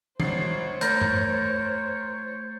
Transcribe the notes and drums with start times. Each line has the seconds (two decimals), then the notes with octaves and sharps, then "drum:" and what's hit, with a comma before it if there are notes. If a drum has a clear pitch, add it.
0.20 G#1 C5 C#5 C7, drum: tom
0.81 A3 A#4 G6 A6 A#6, drum: hi-hat
1.01 drum: tom